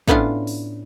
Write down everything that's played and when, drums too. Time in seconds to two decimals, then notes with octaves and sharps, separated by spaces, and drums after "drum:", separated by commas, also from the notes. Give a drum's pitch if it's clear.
0.08 A2 B3 C#4 D4 F4, drum: kick
0.47 drum: open hi-hat